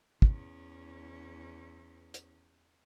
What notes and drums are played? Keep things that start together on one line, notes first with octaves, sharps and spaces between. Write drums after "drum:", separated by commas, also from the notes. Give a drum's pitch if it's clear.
E2 C#4, drum: kick
drum: hi-hat